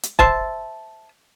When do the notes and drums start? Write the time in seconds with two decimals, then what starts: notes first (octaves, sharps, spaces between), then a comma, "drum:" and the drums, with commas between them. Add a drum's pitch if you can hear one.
0.03 drum: hi-hat
0.19 C5 E5 A5, drum: kick